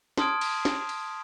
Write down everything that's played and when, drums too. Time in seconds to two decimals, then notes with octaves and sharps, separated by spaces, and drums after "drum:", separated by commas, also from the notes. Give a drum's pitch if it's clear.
0.18 A5 C6 D#6 F6 G#6 D7, drum: snare
0.41 drum: cymbal
0.65 drum: snare
0.89 drum: cymbal